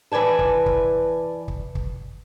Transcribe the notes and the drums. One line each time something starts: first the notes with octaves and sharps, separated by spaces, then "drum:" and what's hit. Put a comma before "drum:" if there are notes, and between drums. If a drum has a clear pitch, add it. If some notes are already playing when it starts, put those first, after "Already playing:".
E3 B4 D5 G#5 A5
drum: kick
drum: kick
drum: kick
drum: kick